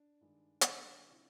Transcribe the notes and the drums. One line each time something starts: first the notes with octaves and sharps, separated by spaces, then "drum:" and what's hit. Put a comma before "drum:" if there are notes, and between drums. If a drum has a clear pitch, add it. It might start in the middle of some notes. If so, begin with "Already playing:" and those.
Already playing: D4
G2 D#3 G#3
D#4, drum: hi-hat
D3 F#3 A#3 C#4 D4
C3 F3 A#3 C#4 D4 E4